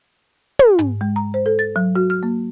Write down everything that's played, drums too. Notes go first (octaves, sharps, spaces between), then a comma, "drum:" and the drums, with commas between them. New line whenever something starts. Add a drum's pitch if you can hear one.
drum: tom
G#2, drum: hi-hat
G#3
A#5
C5
A4
A6
F#3
F#4
F6
A#3